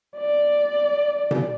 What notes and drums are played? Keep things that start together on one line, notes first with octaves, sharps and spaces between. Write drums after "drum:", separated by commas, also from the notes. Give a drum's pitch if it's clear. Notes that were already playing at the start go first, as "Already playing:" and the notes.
D5
drum: tom B2